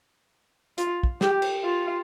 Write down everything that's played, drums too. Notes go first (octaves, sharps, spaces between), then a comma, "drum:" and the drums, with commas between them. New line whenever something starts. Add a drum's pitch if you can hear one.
F4, drum: hi-hat
drum: kick
G4, drum: snare
drum: cymbal
F4